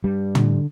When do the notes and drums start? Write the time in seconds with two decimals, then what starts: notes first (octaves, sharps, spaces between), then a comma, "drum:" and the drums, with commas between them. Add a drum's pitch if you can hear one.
0.04 G2 G3
0.35 D3, drum: tom